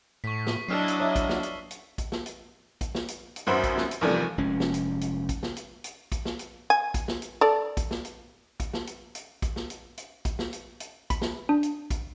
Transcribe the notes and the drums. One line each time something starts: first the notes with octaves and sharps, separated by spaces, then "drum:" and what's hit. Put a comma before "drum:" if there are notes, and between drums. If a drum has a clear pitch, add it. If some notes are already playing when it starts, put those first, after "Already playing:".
A2 C#6 B6
drum: snare
F#3 D4 E4 D#5 E6 F6 C7
drum: hi-hat
C#5 E5
drum: kick, hi-hat
drum: snare
drum: hi-hat
drum: hi-hat
drum: kick, hi-hat
drum: snare
drum: hi-hat
drum: kick, hi-hat
drum: snare
drum: hi-hat
drum: hi-hat
G#1 F#2 F#4 B4 C5 E5
drum: kick, hi-hat
drum: snare
drum: hi-hat
D#2 C3 E3 F3 G3 A3
F1 G#3 C#4
drum: snare
drum: hi-hat
drum: hi-hat
drum: kick, hi-hat
drum: snare
drum: hi-hat
drum: hi-hat
drum: kick, hi-hat
drum: snare
drum: hi-hat
G#5
drum: kick, hi-hat
drum: snare
drum: hi-hat
A4 D5
drum: kick, hi-hat
drum: snare
drum: hi-hat
drum: kick, hi-hat
drum: snare
drum: hi-hat
drum: hi-hat
drum: kick, hi-hat
drum: snare
drum: hi-hat
drum: hi-hat
drum: kick, hi-hat
drum: snare
drum: hi-hat
drum: hi-hat
B5, drum: kick, hi-hat
drum: snare
D4
drum: hi-hat
drum: kick, hi-hat